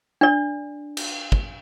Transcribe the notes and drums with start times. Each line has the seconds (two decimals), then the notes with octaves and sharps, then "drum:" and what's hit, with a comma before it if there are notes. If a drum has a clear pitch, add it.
0.21 D4 D5
0.97 drum: cymbal
1.32 drum: kick